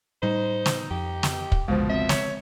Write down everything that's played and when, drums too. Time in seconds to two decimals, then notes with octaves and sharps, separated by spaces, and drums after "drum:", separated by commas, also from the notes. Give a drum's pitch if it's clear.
0.23 A2 G3 D#4 C5
0.66 drum: snare
0.91 F2 G4
1.23 drum: snare
1.52 drum: kick
1.68 G1 C#2 B2 D3 F3 G#3 C5
1.90 C4 E5
2.09 C#5, drum: snare